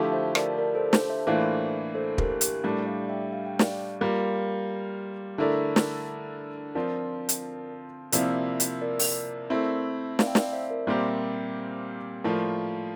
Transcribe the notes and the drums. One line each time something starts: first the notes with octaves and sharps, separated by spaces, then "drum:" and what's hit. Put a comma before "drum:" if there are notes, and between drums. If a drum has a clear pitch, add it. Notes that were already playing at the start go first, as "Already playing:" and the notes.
Already playing: D3 F3 A3 E4 G4
C5 E5
A#4 D5, drum: rim click
A#4 D5
A4 C5
A4 C5, drum: snare
C5 E5
A2 E3 A#3 D4 F4 A4 C5
A4 C5
G4 A#4, drum: kick
G4 A#4, drum: hi-hat
A2 G3 D4
D5 F5
E5 G5
F5
G5
D5 F5, drum: snare
G3 A#3 F4 A#4
D3 A3 E4 A#4 D5
drum: snare
F3 C4 F4 A#4 D5
drum: hi-hat
C3 F3 A#3 E4 A#4 D5, drum: hi-hat
drum: hi-hat
A#4 D5
drum: open hi-hat
A3 C4 E4
D5 F5, drum: snare
G5
D5 F5, drum: snare
C5 E5
A#4 D5
A#2 G3 C4 G4 A#4 C5 E5
A2 F3 A#3 F4 A#4 D5